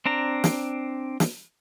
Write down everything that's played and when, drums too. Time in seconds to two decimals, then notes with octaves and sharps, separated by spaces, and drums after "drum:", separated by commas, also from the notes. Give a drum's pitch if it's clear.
0.06 C4 D4 A#5
0.44 drum: snare
1.20 drum: snare